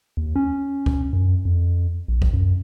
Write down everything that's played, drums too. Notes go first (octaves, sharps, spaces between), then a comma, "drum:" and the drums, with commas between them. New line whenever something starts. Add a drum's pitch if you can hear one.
D#2
C#4
drum: kick C#2
F#2
F2
A#1
drum: kick C#2
F#2